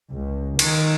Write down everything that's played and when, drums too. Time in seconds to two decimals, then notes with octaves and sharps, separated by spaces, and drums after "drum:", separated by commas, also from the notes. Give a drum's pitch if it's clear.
0.10 C#2
0.59 D#3, drum: cymbal